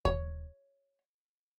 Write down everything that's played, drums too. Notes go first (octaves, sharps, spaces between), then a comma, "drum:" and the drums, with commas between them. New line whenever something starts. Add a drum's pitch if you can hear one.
C#5, drum: kick D#2